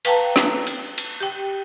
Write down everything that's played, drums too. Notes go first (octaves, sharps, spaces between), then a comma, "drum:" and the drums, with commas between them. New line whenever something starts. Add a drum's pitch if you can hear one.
B4 F5 G5 A5 A#5, drum: cymbal
drum: snare
drum: cymbal
drum: cymbal
G4 G5